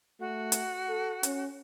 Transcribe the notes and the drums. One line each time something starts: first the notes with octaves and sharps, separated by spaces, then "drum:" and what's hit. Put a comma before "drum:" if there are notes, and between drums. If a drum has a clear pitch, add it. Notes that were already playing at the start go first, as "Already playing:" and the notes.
A3 F#4
drum: hi-hat
A4
C#4, drum: hi-hat